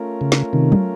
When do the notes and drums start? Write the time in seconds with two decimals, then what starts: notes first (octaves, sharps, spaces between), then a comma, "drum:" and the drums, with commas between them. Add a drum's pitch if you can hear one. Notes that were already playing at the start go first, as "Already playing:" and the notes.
Already playing: A3 C#4 F4 A#4
0.21 C#3
0.32 drum: snare
0.53 C3 D#3
0.72 drum: tom F#3